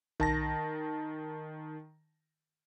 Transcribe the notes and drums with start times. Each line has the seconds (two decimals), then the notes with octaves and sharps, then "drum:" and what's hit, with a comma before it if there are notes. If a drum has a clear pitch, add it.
0.20 D#3 A5 A#6, drum: tom B1